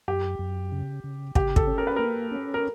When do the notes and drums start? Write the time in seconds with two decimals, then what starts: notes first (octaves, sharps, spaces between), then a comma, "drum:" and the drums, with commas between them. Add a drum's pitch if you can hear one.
0.08 F#2 G4
0.39 F#2
0.72 C#3
1.04 C#3
1.35 C#3 G4, drum: kick
1.56 A4, drum: kick
1.67 C#4
1.78 A#4
1.87 B4
1.96 A#3 A#4
2.31 C#4
2.54 A#4